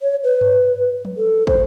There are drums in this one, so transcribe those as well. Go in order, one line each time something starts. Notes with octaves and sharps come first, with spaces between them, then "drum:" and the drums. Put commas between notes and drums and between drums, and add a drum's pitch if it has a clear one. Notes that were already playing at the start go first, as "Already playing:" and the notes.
C#5
B4
drum: tom G2
drum: tom F3
A4
C5, drum: kick